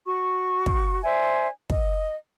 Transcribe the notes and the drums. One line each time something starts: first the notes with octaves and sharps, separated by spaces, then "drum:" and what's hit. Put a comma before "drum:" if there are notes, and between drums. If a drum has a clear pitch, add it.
F#4 C#6
drum: kick
C5 D5 E5 G#5
D#5, drum: kick